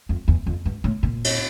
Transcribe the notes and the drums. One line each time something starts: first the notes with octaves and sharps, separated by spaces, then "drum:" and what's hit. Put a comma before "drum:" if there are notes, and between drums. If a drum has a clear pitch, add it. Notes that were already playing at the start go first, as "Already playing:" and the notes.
F2
E2
F2
G2
A2
A#2
drum: cymbal